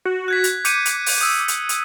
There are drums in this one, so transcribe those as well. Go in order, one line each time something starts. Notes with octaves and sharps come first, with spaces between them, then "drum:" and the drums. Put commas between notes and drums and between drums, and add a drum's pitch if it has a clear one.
F#4
F#6 G#6 B6
drum: hi-hat
D6 G6 C#7 D#7, drum: hi-hat
drum: hi-hat
drum: open hi-hat
D#6 E6
drum: hi-hat
drum: hi-hat